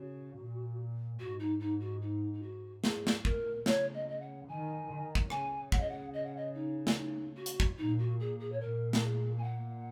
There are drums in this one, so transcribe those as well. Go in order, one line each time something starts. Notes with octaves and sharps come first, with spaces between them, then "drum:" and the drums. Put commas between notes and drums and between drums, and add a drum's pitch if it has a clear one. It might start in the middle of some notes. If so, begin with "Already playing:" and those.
Already playing: C#3 F#4
A#2
G#2 F#4
D#4
D#4
F#4
D#4
D#4
F#4
G#2 G#4, drum: snare
drum: snare
A#2 A#4, drum: kick
C#3 C#5, drum: snare
D#5
D#5
F#5
D#3 G#5
D#3
drum: kick
C#3 G#5, drum: rim click
F#5, drum: kick
D#5
F#5
D#5
F#5
D#5
D#4
drum: snare
D#4
F#4
drum: hi-hat
drum: kick
A#2 D#4
F#4
G#4
G#4
C#5
A#2 A#4
A#4, drum: snare
G#4
G#5
F#5